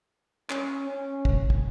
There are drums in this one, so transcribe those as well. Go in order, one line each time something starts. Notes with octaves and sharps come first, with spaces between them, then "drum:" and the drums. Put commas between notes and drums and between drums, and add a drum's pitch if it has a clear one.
C#4, drum: clap
C#4
drum: kick
drum: kick